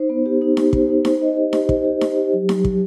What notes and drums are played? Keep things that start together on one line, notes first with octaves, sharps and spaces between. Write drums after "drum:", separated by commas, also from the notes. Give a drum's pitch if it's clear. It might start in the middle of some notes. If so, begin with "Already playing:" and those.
Already playing: D#4 C5
B3
G4
D#4
G4, drum: snare D#4
C5, drum: kick
D#4
C5, drum: snare D#4
D#5
G4
G4, drum: snare D#4
C5, drum: kick
G4
C5, drum: snare D#4
G4
F#3
F#3, drum: snare D#4
F#3, drum: kick